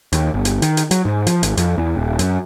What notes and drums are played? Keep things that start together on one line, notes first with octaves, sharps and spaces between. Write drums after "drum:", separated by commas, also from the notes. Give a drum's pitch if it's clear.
D#2, drum: hi-hat
G1
drum: hi-hat
D#3, drum: hi-hat
drum: hi-hat
F#3, drum: hi-hat
G#2
F3, drum: hi-hat
G#1, drum: hi-hat
F2, drum: hi-hat
E2
D#1
F#2, drum: hi-hat